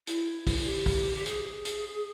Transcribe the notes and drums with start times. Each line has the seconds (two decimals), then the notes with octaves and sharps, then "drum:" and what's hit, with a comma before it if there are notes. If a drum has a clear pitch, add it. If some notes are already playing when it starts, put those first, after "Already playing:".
0.07 E4, drum: hi-hat
0.47 drum: kick, open hi-hat
0.66 G4
0.86 drum: kick, open hi-hat
1.15 G4
1.26 G#4, drum: hi-hat
1.65 drum: hi-hat